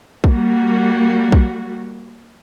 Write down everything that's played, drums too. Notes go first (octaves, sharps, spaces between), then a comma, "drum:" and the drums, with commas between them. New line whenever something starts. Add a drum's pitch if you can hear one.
G3 A#3 F#4, drum: kick
drum: kick